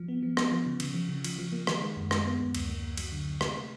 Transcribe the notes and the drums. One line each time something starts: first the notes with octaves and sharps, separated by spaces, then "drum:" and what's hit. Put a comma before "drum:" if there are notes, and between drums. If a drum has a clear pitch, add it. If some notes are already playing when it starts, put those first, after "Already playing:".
Already playing: F3
B3
F3
B3, drum: rim click
F3
C#3
C#3, drum: cymbal
F3
C#3
F3, drum: cymbal
F3
A#3
D#3, drum: rim click
G#3
F#2
G#3, drum: rim click
B3
F#2
D2, drum: cymbal
A#3
D2
F#3, drum: cymbal
D3
D3
C3, drum: rim click
A3